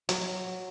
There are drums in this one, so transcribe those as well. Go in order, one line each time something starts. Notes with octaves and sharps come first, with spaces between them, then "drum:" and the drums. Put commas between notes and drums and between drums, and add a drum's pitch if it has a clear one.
F#3, drum: hi-hat